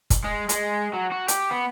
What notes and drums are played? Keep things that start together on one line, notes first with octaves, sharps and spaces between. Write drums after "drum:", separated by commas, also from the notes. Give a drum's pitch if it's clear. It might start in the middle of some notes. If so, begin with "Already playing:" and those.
drum: kick, hi-hat
G#3
G#3, drum: hi-hat
F#3
F#4
G4, drum: hi-hat
B3